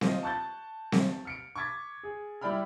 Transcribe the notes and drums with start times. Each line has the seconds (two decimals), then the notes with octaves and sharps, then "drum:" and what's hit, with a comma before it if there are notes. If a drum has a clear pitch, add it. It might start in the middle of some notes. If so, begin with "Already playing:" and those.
0.01 F4 C5 D#5, drum: snare C4
0.23 A5 C#6 F#6 G6 A6
0.92 drum: snare C4
1.25 F6 C#7 D7
1.56 C#6 D6 G#6 A6 B6
2.03 G#4
2.41 G3 E4 D5 G5 B5 F6